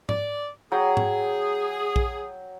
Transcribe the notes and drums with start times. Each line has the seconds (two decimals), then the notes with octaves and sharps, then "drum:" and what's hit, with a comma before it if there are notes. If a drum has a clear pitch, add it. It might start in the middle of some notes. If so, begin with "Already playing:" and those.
0.09 D5, drum: tom G#2
0.72 F#3 G#4 G5
0.97 drum: tom G#2
1.96 drum: kick A#1